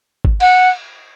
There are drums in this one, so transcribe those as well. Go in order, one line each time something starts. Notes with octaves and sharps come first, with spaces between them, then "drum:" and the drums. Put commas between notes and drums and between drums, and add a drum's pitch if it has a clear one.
drum: kick G1
F#5, drum: cymbal